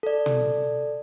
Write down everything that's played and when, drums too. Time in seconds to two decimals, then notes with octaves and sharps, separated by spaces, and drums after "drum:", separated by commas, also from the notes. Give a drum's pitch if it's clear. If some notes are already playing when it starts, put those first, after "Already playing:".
0.03 A4 D5
0.26 drum: tom